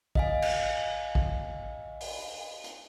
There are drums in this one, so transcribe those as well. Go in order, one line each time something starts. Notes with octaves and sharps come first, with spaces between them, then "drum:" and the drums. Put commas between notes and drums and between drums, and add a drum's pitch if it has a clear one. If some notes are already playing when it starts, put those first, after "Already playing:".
D#5 F5 G#5, drum: kick A#1
drum: cymbal
drum: kick A#1
drum: open hi-hat
drum: hi-hat